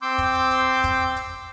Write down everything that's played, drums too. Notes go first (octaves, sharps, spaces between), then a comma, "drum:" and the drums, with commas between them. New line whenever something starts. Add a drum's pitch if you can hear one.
C4 C6 D6 E6 G6
drum: kick, hi-hat
drum: hi-hat
drum: hi-hat
drum: kick, hi-hat
drum: hi-hat